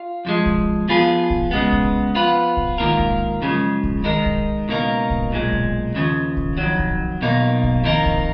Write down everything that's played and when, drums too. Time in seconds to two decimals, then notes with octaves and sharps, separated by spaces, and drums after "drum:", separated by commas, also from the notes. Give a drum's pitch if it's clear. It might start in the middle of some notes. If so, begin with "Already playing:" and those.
Already playing: F4
0.25 F2 F3 G#3
0.46 drum: kick A#1
0.88 F3 B3 F4 G#4 B4
1.30 drum: kick A#1
1.51 C#3 G#3 B3
1.73 drum: kick A#1
2.15 F3 B3 F4 B4
2.57 drum: kick A#1
2.78 G#2 D#3 A#3 F4 A#4
2.99 drum: kick A#1
3.41 F#2 C#3 F3 G#3
3.84 drum: kick A#1
4.04 D#3 G#3 D#4 A#4
4.26 drum: kick A#1
4.68 C#2 B2 A#3 D#4 A#4
5.10 drum: kick A#1
5.31 B1 A#2 G#3
5.52 drum: kick A#1
5.94 D#2 C#3 F3
6.37 drum: kick A#1
6.57 F2 D#3 F#3
6.79 drum: kick A#1
7.21 B1 B2 A#3 D#4
7.63 drum: kick A#1
7.84 F2 D#3 A#3 D#4 A#4
8.06 drum: kick A#1